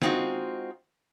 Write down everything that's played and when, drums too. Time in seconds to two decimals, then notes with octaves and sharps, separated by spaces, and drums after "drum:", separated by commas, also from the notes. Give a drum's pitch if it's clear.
0.02 F#3 G#3 C4 D#4 F4 F#4, drum: snare